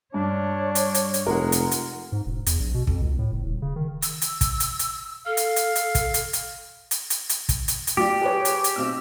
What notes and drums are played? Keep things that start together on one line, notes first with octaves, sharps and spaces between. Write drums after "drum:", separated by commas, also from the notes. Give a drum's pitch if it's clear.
G2 D4 C#5
drum: hi-hat
drum: hi-hat
drum: hi-hat
F1 G#3 A#4 F#5
drum: hi-hat
drum: hi-hat
G#2
E1
E2, drum: hi-hat
A#1
B2
F2, drum: kick
C#2
A2
F#1
D#1
C#3
D#3
E6, drum: hi-hat
drum: hi-hat
drum: kick, hi-hat
drum: hi-hat
drum: hi-hat
A4 F5
drum: hi-hat
drum: hi-hat
drum: hi-hat
drum: kick, hi-hat
drum: hi-hat
drum: hi-hat
drum: hi-hat
drum: hi-hat
drum: hi-hat
drum: kick, hi-hat
drum: hi-hat
drum: hi-hat
F#3 F4 G4 D5
G#4 B4 C#5
drum: hi-hat
drum: hi-hat
B1 C4 E6